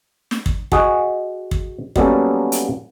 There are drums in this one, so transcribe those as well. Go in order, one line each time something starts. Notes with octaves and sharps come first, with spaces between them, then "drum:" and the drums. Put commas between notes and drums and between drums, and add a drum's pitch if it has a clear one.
drum: snare
drum: kick
F#4 G#4 D#5, drum: kick
drum: kick
F#3 G3 A#3 B3 C#4 A4, drum: kick
drum: hi-hat